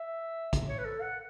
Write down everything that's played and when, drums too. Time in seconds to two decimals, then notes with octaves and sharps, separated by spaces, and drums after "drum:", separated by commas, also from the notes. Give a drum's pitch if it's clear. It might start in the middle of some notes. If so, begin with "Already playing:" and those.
Already playing: E5
0.53 drum: kick, hi-hat
0.69 C#5
0.78 B4
0.85 A4
1.01 F#5